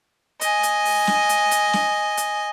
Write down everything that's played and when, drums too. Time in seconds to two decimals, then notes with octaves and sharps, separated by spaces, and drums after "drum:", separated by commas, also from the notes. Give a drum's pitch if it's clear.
0.41 D#5 G#5, drum: hi-hat
0.63 drum: hi-hat
0.85 drum: open hi-hat
1.07 drum: snare
1.29 drum: hi-hat
1.51 drum: hi-hat
1.73 drum: snare
2.17 drum: hi-hat